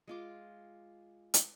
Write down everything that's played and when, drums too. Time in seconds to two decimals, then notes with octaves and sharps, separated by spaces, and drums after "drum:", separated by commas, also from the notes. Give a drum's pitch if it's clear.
0.08 G#3 F4 D6
1.34 drum: hi-hat